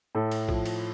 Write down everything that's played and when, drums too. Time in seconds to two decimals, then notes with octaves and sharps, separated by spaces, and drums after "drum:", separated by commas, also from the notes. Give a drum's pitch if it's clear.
0.15 A2 A4
0.32 drum: cymbal
0.49 F3, drum: kick A#1
0.66 drum: cymbal